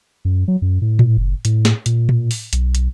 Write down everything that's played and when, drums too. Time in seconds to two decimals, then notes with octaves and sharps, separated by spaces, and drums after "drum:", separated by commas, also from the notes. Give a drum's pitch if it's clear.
0.25 F#2
0.48 F#3
0.62 F#2
0.82 A2
0.99 drum: tom A2
1.17 F#1
1.45 A2, drum: hi-hat
1.65 drum: snare
1.86 A#2, drum: hi-hat
2.09 drum: tom A2
2.31 drum: open hi-hat
2.53 B1, drum: hi-hat
2.75 drum: hi-hat